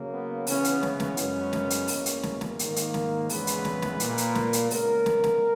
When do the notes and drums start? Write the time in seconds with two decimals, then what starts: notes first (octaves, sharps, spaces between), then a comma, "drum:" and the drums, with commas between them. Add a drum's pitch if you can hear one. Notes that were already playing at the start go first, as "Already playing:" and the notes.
Already playing: C#3 F#3 A#3
0.11 B3
0.47 C#3 E3 B3 C#4, drum: open hi-hat
0.64 drum: hi-hat
0.83 C#4, drum: snare
1.00 drum: snare
1.17 F#2 C#3 G#3 B3, drum: hi-hat
1.53 drum: snare
1.70 drum: hi-hat
1.88 E2 B2 A#3, drum: open hi-hat
2.06 drum: hi-hat
2.23 drum: snare
2.41 drum: snare
2.59 G#2 D#3 A#3, drum: hi-hat
2.76 drum: hi-hat
2.94 drum: snare
3.29 E2 C#3 E3 G#3 B3 B4, drum: open hi-hat
3.47 drum: hi-hat
3.65 drum: snare
3.82 drum: snare
4.00 A#2 A#3, drum: hi-hat
4.18 drum: hi-hat
4.35 drum: snare
4.53 drum: hi-hat
4.71 C#3 G#3 B3 A#4, drum: open hi-hat
5.06 drum: snare
5.24 drum: snare